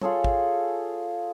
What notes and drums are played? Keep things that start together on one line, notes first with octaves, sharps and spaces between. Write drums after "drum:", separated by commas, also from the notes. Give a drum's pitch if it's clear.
F4 G#4 A4 C#5, drum: tom
drum: kick